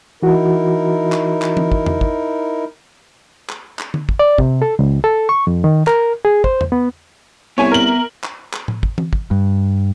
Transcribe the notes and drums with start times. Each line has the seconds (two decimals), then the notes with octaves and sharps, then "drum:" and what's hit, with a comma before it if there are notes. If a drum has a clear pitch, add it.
0.23 E3 D#4 E4 F#4 A#4
1.12 drum: clap
1.42 drum: clap
1.57 drum: tom E3
1.72 drum: kick
1.86 drum: tom E2
2.01 drum: kick
3.49 drum: clap
3.79 drum: clap
3.94 drum: tom D3
4.09 drum: kick
4.19 D5
4.38 C3, drum: kick
4.62 A4
4.79 C#2
5.04 A4
5.29 C#6
5.47 F2
5.64 D#3
5.87 A#4, drum: clap
6.25 G#4
6.44 C5, drum: kick
6.61 drum: tom E2
6.72 B3
7.58 C2 B3 C#5 E5 G#5
7.72 A#4 F#7
8.24 drum: clap
8.53 drum: clap
8.68 drum: tom A2
8.83 drum: kick
8.98 drum: tom E3
9.13 drum: kick
9.31 G2